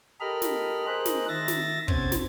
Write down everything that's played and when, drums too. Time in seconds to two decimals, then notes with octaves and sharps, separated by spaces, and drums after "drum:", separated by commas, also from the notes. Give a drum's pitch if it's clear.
0.20 G4 A4 A#4 D#5 B5 F6
0.42 drum: snare
0.87 G#4 A#4 C5 D#5 F#6
1.05 drum: snare
1.28 D#3 E5 A6 A#6
1.48 drum: snare
1.88 C3 B3 C#4 C5 G#6 A6, drum: kick
2.12 drum: snare